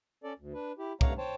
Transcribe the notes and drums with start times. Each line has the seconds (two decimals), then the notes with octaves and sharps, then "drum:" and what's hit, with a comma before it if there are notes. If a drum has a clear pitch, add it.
0.24 C#4 A4 D5
0.39 D2
0.54 D4 B4
0.78 E4 G4
1.01 G2 A3 C#5 F5 F#5 A#5, drum: kick C2
1.18 C5 C#5 G5 A5